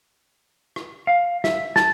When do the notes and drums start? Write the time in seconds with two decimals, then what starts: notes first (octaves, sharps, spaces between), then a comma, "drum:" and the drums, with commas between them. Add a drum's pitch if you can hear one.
0.76 drum: rim click
1.07 F5
1.44 E5, drum: snare
1.76 A5, drum: snare